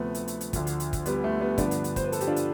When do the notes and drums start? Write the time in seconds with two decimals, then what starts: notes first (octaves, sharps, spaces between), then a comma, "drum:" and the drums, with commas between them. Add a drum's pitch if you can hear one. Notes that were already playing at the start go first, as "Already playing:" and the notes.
Already playing: D2 C3 F3 A3 B3
0.15 drum: hi-hat
0.28 drum: hi-hat
0.41 drum: hi-hat
0.53 D2 D3 F3, drum: kick, hi-hat
0.67 drum: hi-hat
0.80 drum: hi-hat
0.93 drum: kick, hi-hat
1.06 G3 B3, drum: hi-hat
1.24 A3
1.40 G3 B3
1.58 G2 D3 F3 B3 D4, drum: kick, hi-hat
1.71 drum: hi-hat
1.84 drum: hi-hat
1.96 C5, drum: kick, hi-hat
2.04 B4
2.12 A4, drum: hi-hat
2.21 G4, drum: hi-hat
2.27 D4 F4
2.36 drum: hi-hat